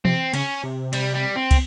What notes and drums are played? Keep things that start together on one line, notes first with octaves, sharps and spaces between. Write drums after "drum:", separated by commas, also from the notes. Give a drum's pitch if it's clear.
C3 C4, drum: tom E3
C#3 C#4, drum: cymbal
C3
G3, drum: cymbal
G3
C4
drum: kick, cymbal